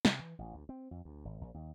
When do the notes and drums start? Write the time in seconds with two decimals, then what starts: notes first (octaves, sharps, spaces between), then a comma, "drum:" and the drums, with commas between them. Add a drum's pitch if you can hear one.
0.05 C3, drum: snare
0.19 E3
0.39 A1
0.53 D2
0.69 C4
0.91 F2
1.05 D2
1.25 G#1
1.41 A#1
1.54 D#2